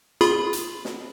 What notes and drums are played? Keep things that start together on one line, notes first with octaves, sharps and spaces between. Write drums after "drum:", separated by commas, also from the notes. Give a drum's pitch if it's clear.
F4 G#4 B5, drum: snare
drum: hi-hat
drum: snare